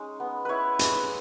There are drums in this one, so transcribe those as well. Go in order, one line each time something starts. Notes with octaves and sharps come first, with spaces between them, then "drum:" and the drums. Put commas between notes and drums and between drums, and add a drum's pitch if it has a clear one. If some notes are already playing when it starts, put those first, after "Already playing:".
Already playing: G#3 C#4 D#4
B3
E4 B4 C#5
G#3, drum: hi-hat